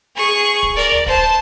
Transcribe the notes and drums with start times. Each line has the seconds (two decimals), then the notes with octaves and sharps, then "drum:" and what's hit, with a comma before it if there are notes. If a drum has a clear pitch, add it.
0.16 G#4 C#6
0.63 drum: kick
0.76 A#4 D5
0.92 drum: tom D2
1.06 C5 A5, drum: kick